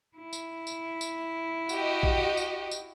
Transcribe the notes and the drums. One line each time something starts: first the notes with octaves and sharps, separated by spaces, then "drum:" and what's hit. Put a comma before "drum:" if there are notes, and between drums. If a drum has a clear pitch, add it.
E4
drum: tambourine
drum: tambourine
drum: tambourine
F#4 G4 D#5, drum: tambourine
drum: kick A1
drum: tambourine
drum: tambourine